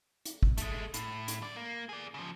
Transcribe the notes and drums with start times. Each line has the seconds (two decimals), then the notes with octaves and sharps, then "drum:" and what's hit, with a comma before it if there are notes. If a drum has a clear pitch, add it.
0.25 drum: hi-hat
0.43 drum: kick
0.58 G#3 A3, drum: hi-hat
0.94 A2, drum: hi-hat
1.28 drum: hi-hat
1.42 F#2 D5
1.57 A#3
1.89 G#4 D5
2.14 C#3 F3